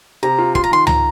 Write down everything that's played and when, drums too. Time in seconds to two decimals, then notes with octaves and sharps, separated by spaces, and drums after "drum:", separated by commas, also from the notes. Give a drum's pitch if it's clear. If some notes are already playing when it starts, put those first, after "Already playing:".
0.23 C3 A#5
0.38 F4
0.55 F4 C6, drum: kick
0.64 A#5
0.71 D#3 C6
0.87 A#5, drum: tom C#2